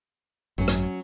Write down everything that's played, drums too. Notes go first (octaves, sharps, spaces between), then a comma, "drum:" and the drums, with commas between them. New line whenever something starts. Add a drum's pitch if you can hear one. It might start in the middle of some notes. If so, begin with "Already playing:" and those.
G#1 F#2 F#3 C#4
drum: rim click